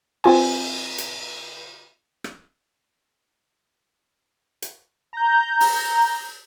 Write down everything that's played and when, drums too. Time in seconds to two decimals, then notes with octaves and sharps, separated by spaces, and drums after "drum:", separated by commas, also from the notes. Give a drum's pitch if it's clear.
0.24 C4 F4 G#5, drum: cymbal
0.98 drum: hi-hat
2.24 drum: rim click
4.62 drum: hi-hat
5.13 A#5 G6
5.60 drum: open hi-hat